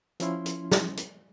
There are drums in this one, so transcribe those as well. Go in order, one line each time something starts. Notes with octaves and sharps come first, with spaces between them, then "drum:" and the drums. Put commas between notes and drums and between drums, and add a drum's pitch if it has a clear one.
F3 C#4 E4 C6, drum: hi-hat
drum: hi-hat
drum: snare
drum: hi-hat